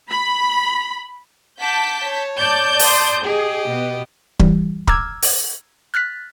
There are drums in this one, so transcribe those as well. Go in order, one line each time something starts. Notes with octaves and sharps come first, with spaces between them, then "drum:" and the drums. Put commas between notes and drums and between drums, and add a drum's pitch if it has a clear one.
B5
F#5 A5 D6 G6 B6
C#5
D5 A5 G6
C6 D#6, drum: open hi-hat
G4 G#4 D#5
B2 B3
E3 G3, drum: kick
A#5 D6 E6 F6 G#6, drum: kick
drum: open hi-hat
F6 F#6 A6 B6